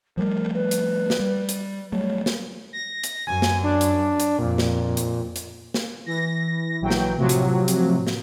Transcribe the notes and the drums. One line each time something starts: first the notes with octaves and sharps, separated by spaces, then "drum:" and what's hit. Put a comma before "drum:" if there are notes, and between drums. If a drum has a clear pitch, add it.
F3 G3 A3 A#4
B4
drum: hi-hat
drum: snare
G3
drum: hi-hat
F#3 G3 A3 C#5
drum: snare
A#6
drum: hi-hat
F#2 G#5
drum: snare
D4
drum: hi-hat
drum: hi-hat
F2 A#2
drum: snare
drum: hi-hat
drum: hi-hat
drum: snare
E3 A#6
A#1 E3 F#3 G5
drum: snare
A2 C3 F3 F#3
drum: hi-hat
drum: hi-hat
drum: snare